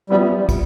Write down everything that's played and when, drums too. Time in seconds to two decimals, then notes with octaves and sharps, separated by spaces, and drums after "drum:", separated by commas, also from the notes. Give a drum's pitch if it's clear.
0.10 F3 G3 B3 E4
0.49 drum: kick, cymbal